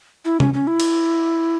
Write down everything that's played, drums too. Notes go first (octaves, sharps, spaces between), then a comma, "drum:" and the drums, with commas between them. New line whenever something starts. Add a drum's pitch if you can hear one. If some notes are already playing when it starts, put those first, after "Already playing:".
E4
C#4, drum: tom C3
C#4
E4
drum: cymbal